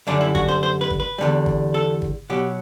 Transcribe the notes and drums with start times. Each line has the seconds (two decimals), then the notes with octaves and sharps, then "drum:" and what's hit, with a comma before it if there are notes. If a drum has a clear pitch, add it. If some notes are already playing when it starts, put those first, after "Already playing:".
0.07 F#2 D3 G3 D4
0.21 E4
0.35 F#4, drum: kick
0.48 C5
0.63 C5
0.81 B4
0.90 drum: kick
1.00 B4
1.18 E2 D3 G3
1.46 drum: kick
1.74 A4
2.02 drum: kick
2.30 B2 F#3 G4